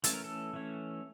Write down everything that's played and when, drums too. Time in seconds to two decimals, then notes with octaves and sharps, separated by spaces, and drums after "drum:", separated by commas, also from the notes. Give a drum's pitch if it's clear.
0.04 E3 A3 C#4 A4, drum: hi-hat
0.13 A#4
0.24 A4
0.53 E3 A3 C#4